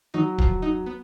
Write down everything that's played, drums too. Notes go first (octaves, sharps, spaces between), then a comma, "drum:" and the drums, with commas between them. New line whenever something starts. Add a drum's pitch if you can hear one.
F#3 D#4 F#4
F3, drum: kick D1
D#4
B3